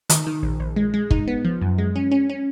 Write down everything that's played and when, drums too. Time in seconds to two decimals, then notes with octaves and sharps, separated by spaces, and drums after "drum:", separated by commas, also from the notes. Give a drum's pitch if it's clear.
0.10 D#3, drum: hi-hat
0.27 D#3
0.43 A#1
0.60 A#1
0.76 G#3
0.94 G#3
1.11 D#4, drum: kick
1.28 B3
1.45 F3
1.62 F#2
1.78 G#3
1.96 C#4
2.11 C#4
2.30 C#4